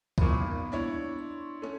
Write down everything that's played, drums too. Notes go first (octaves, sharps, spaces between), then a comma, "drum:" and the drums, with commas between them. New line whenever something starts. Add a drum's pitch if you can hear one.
F#1 A#2 A#3 B3 C#6, drum: kick C#2
G#1
D4 E4 C#5
C6
A3 C#4